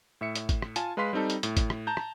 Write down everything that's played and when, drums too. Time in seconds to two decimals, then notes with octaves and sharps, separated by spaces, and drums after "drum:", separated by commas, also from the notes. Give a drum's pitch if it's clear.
0.21 A2 E5 C#7
0.36 drum: hi-hat
0.49 drum: kick G#1, hi-hat
0.62 drum: rim click
0.76 F4 G#5 A5, drum: hi-hat
0.97 G#3 B4 F5 C6 B6
1.13 G3 C4 D#4 A4
1.30 drum: hi-hat
1.43 A2, drum: hi-hat
1.57 drum: kick G#1, hi-hat
1.70 drum: rim click
1.87 A5 A#5 G6
1.97 drum: rim click